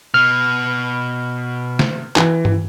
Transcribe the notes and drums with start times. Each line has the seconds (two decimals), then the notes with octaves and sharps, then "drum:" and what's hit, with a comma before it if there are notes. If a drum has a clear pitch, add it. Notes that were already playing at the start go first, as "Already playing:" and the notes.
0.14 B2 F6
1.79 drum: snare
2.16 E3, drum: clap
2.45 drum: tom G2